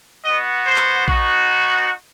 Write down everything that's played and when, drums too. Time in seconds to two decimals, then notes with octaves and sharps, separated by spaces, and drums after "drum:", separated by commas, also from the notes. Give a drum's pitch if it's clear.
0.24 B3 F#4 D#5
0.67 C5
0.76 drum: clap
1.08 B3 D#4 F#4, drum: kick A#1